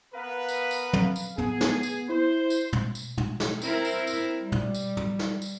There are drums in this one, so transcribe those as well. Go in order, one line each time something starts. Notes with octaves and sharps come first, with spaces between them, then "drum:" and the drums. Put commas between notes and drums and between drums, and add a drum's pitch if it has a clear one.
B3 A#4 B4 F5
drum: tambourine
drum: tambourine
drum: tom
drum: tambourine
B3 G#4, drum: tom
drum: snare
drum: tambourine
E4 C5
drum: tambourine
drum: tom
drum: tambourine
drum: tom
drum: snare
C4 E4 A#4, drum: tambourine
drum: tambourine
drum: tambourine
G3
drum: tom
drum: tambourine
drum: tom
drum: snare
drum: tambourine